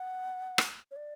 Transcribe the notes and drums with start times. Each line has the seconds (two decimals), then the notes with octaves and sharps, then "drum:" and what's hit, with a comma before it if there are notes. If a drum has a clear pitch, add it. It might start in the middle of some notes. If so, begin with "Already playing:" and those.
Already playing: F#5
0.58 drum: rim click
0.91 C#5
0.96 D5